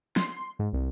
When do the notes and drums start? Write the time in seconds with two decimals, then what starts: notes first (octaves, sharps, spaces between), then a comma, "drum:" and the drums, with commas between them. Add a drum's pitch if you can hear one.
0.16 C6, drum: snare
0.37 C6
0.59 G#2
0.73 C2